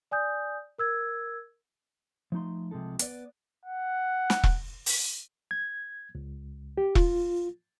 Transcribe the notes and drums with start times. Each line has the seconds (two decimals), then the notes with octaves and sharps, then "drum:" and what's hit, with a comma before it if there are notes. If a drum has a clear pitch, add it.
0.11 D5 G#5 D#6 G6
0.78 A#4 E6 G#6
2.32 F3 A3 D#4 C6
2.71 C2 C3 F3 G#3 A4
2.99 B3 D5, drum: hi-hat
3.65 F#5
4.30 drum: snare
4.44 drum: kick E1
4.86 drum: open hi-hat
5.51 G#6
6.15 C#2
6.78 G4
6.95 F4, drum: kick E1